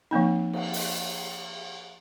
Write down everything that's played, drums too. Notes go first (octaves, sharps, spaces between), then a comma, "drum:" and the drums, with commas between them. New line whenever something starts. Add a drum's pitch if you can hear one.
F3 A#3 C4 D#4
drum: cymbal
drum: open hi-hat